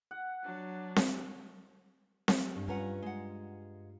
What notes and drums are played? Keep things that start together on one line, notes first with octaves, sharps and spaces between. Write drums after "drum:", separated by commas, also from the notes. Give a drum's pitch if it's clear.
F#5
F#3 D4
drum: snare C4
drum: snare C4
G2
G2 C#4 F4 B4 F#5 A#5
G#3 F#5